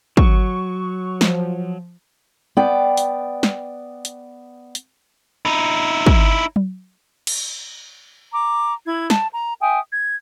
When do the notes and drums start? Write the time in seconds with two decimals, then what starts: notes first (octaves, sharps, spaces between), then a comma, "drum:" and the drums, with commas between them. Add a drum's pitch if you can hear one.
0.17 F#3 C#6, drum: kick
1.21 F3, drum: snare
2.57 B3 D5 G5
2.97 drum: hi-hat
3.43 drum: snare
4.05 drum: hi-hat
4.75 drum: hi-hat
5.45 D#4 E4
6.06 drum: kick
6.56 drum: tom F#3
7.27 drum: cymbal
8.32 A#5 D6
8.86 E4 G#6
9.10 A5, drum: snare
9.34 A#5
9.61 E5 G5 G#5 D#6
9.91 G#6